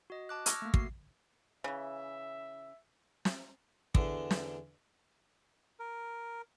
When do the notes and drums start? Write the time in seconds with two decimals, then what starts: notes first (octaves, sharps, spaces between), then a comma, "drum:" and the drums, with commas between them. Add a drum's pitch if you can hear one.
0.10 F#4 D#5
0.29 A5 D6 F#6
0.46 C#6 D6 E6 F6 G#6 A#6, drum: hi-hat
0.62 A3 A#3
0.74 F#4 C7, drum: kick
1.64 C#3 E3 E5
3.25 drum: snare
3.95 E2 D3, drum: kick
4.31 drum: snare
5.79 A#4